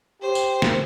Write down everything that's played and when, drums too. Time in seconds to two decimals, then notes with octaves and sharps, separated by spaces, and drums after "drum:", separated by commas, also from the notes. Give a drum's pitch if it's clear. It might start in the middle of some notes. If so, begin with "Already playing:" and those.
0.22 G4 C5
0.35 drum: tambourine
0.62 drum: snare